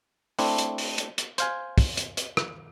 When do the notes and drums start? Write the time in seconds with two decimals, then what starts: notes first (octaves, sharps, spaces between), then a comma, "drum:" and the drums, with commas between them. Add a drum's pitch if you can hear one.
0.39 A3 C4 D4 E4, drum: open hi-hat
0.58 drum: hi-hat
0.78 drum: open hi-hat
0.98 drum: hi-hat
1.18 drum: hi-hat
1.38 C5 F5 G#5, drum: hi-hat
1.78 drum: kick, open hi-hat
1.97 drum: hi-hat
2.17 drum: hi-hat
2.37 drum: rim click